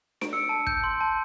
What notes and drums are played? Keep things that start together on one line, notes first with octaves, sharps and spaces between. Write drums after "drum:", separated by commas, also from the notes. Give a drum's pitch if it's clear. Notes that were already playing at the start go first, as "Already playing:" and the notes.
D7, drum: snare D4
E6 C#7
A5
G6, drum: kick
C6
A5